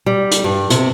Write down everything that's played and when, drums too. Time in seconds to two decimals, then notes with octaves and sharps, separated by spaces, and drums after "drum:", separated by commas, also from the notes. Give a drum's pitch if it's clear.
0.06 G3
0.31 drum: hi-hat
0.44 G2
0.70 C3, drum: hi-hat